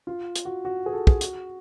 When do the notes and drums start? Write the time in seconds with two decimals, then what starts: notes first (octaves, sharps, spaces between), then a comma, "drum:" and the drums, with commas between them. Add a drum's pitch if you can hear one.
0.07 F4
0.36 drum: hi-hat
0.45 F#4
0.65 F#4
0.86 G#4
0.93 A4
1.07 G#4, drum: kick
1.21 F#4, drum: hi-hat